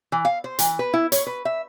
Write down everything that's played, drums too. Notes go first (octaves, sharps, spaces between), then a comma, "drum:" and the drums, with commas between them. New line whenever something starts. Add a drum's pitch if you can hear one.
E3
F5
C5
E3, drum: hi-hat
B4
E4
C#5, drum: hi-hat
B4
E5